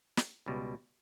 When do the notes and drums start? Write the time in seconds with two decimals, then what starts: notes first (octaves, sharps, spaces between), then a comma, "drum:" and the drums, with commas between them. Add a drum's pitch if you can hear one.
0.17 drum: snare
0.46 C#2 B2 G3